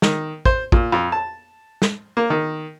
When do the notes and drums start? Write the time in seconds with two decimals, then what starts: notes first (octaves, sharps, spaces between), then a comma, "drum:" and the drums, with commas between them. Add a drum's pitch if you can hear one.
0.02 D#3, drum: snare
0.45 C5, drum: kick
0.72 A#2, drum: kick
0.92 F2
1.12 A5
1.82 drum: snare
2.17 A#3
2.30 D#3